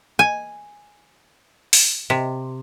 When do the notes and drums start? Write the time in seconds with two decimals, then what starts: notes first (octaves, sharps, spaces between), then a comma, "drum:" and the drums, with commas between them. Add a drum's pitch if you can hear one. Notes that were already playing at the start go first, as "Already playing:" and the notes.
0.19 G#5
1.73 drum: open hi-hat
2.10 C3